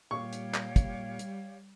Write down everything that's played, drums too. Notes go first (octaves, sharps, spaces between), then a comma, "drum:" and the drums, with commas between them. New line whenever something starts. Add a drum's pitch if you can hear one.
A#2 G3 G4 C#5 F5 C#6
drum: hi-hat
drum: clap
drum: kick, hi-hat
drum: hi-hat